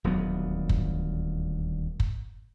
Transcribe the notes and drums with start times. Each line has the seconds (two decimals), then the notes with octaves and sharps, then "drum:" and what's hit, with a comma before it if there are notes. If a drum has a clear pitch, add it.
0.04 D#1 D2 F#3 B3
0.69 drum: kick
2.00 drum: kick